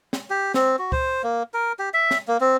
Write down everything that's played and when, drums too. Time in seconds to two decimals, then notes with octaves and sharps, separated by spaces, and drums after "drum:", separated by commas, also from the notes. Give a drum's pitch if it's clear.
0.13 drum: snare
0.30 G4
0.54 C4, drum: snare
0.79 F#4
0.92 C5, drum: kick C#2
1.23 A#3
1.54 A#4
1.79 G4
1.94 E5
2.11 drum: snare
2.28 A#3
2.41 C4